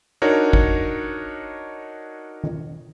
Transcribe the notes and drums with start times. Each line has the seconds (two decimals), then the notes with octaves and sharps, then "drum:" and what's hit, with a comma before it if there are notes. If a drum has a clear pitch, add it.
0.22 D4 D#4 F#4 A#4 C#5
0.53 drum: kick G#1
2.44 drum: tom D#3